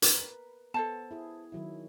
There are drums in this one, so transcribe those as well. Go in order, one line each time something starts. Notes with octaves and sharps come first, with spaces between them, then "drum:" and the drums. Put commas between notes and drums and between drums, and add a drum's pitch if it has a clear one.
A#4 B4, drum: hi-hat
B3 A4 C5 A5
E4 G#4
D#3 F#3 E4